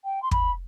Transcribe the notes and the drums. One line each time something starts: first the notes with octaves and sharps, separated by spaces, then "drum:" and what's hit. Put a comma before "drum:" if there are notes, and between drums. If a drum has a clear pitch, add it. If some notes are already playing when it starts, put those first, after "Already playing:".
G5
C6
B5, drum: kick